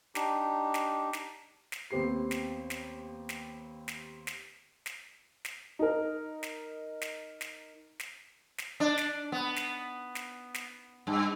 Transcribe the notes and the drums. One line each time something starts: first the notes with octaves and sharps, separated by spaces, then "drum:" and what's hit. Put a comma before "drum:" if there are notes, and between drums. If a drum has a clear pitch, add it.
D4 D#4 G4, drum: snare
drum: snare
drum: snare
drum: snare
D#2 B3 C4 G4 C7
drum: snare
drum: snare
drum: snare
drum: snare
drum: snare
drum: snare
drum: snare
D#4 A#4
drum: snare
drum: snare
drum: snare
drum: snare
drum: snare
D4
drum: snare
B3
drum: snare
drum: snare
drum: snare
G2